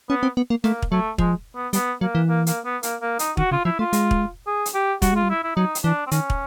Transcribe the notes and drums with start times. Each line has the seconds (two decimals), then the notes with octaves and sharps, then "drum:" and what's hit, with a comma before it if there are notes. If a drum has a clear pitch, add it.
0.09 B3 C#4
0.23 C4
0.37 B3
0.50 A#3
0.64 A3 A#3, drum: snare
0.82 drum: kick
0.92 F#3 A3
1.18 F3 G#3, drum: kick
1.55 B3
1.73 G3 B3, drum: hi-hat
2.01 F#3 A#3
2.15 E3
2.29 A#3
2.47 A#3, drum: hi-hat
2.65 B3
2.83 A#3, drum: hi-hat
3.01 A#3
3.19 D#4, drum: hi-hat
3.37 D#3 F#4, drum: kick
3.51 C#3 F4
3.65 F3 E4
3.79 A3 F4
3.93 G#3, drum: hi-hat
4.11 drum: kick
4.47 G#4
4.66 drum: hi-hat
4.75 G4
5.02 G3 F#4, drum: kick, hi-hat
5.13 G#3 F4
5.23 G3
5.30 E4
5.44 E4
5.56 F#3 D#4
5.75 drum: hi-hat
5.84 E3 D4
6.07 C4
6.11 D#3 C#4, drum: hi-hat
6.30 drum: kick